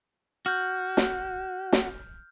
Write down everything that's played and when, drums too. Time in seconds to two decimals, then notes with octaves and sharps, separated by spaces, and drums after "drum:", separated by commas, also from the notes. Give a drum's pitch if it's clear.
0.46 F#4 F6 G6
0.97 drum: snare
1.73 drum: snare